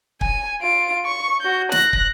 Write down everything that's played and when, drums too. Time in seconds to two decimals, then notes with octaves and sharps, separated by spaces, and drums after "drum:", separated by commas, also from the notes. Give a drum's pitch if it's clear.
0.21 G#5, drum: kick
0.61 F4 D7
1.06 C#6
1.41 F#4 G6
1.72 F#6 A#6, drum: snare
1.93 drum: kick